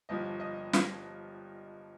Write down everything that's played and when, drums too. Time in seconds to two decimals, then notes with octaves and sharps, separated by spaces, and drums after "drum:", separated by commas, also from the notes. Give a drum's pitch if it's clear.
0.09 G1 G2 F3 D#5
0.40 D#5
0.73 drum: snare